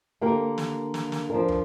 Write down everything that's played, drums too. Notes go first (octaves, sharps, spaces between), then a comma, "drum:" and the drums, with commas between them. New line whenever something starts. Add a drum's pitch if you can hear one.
D3 A#3 G4 A#4
drum: snare
drum: snare
drum: snare
F3 D4 A#4
drum: tom